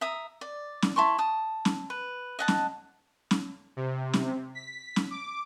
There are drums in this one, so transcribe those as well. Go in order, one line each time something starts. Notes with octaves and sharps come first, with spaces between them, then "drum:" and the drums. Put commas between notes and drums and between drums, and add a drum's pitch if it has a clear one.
E5 A#5 D#6
D5
drum: snare C#4
E4 A5 C6 C#6
A5 D#6
drum: snare C#4
B4
D#5 F#5 A5
drum: snare C#4
drum: snare C#4
C3
drum: snare C#4
B6
drum: snare C#4
D6